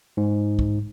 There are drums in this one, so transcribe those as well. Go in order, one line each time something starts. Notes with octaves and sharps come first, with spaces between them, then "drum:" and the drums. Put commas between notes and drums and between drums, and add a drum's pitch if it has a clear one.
G#2
drum: kick